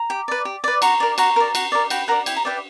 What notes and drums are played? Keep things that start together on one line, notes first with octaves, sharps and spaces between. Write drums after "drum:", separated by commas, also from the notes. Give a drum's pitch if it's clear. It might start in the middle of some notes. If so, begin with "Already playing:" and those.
Already playing: A#5
G4
B4 D5
G4
B4 D5
F#4 A#5 C#6, drum: cymbal
A#4 D5
F#4 A#5 C#6, drum: cymbal
A#4 D5
F#4, drum: cymbal
A#4 D5
F#4 G5 B5, drum: cymbal
A#4 D5 F#5 A#5
E4 G5, drum: cymbal
A#5
B4 D5 E5 G5